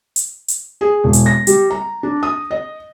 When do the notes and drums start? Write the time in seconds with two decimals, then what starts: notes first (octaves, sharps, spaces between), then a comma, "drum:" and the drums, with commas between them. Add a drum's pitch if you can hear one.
0.16 drum: hi-hat
0.49 drum: hi-hat
0.81 G#4
1.04 E1
1.13 drum: hi-hat
1.26 A#6
1.47 G3, drum: hi-hat
1.71 A#5
2.03 D4
2.23 D#6
2.51 D#5